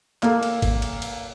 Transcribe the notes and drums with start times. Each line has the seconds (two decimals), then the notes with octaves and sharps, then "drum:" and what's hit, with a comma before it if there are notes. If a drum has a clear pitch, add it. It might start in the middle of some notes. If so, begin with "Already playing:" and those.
0.23 A#3 A4, drum: clap
0.43 drum: cymbal
0.62 drum: kick G1, cymbal
0.82 drum: cymbal
1.02 drum: cymbal